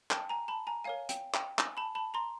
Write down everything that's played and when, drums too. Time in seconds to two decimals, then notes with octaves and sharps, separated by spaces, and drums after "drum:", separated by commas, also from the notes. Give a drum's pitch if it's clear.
0.11 G5 A5, drum: clap
0.29 G#5 A#5
0.48 A5 B5
0.67 G#5 A#5
0.84 A#4 C#5 F5 G#5
1.09 G5, drum: hi-hat
1.34 G5, drum: clap
1.59 G#5, drum: clap
1.77 A5 B5
1.95 A5 B5
2.14 A#5 C6